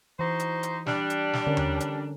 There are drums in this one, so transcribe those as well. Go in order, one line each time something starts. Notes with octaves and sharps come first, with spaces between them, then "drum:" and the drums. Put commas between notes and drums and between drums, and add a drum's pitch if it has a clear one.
E3 D#4 F#4 C5
drum: hi-hat
drum: hi-hat
G3 D4, drum: snare
drum: hi-hat
drum: snare
D3 C#4 A#4
drum: tom D#2
drum: hi-hat